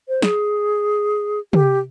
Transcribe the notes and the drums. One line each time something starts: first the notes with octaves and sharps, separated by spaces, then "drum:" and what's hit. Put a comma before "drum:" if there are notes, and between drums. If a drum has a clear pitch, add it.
C5
G#4, drum: snare
G4, drum: tom